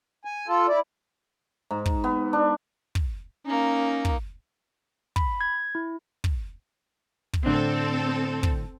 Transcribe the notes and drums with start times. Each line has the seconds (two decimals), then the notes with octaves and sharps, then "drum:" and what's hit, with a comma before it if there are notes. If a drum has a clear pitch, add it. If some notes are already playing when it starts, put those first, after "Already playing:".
0.25 G#5
0.48 F4 A4
0.68 E4 D5
1.71 G#2
1.86 drum: kick
2.04 B3
2.33 D4
2.95 drum: kick
3.47 A#3 C#4 D#4
4.05 drum: kick
5.16 B5, drum: kick
5.41 G#6
5.75 E4
6.24 drum: kick
7.33 drum: kick
7.46 A2 D3 C4 D4 A4
8.43 drum: kick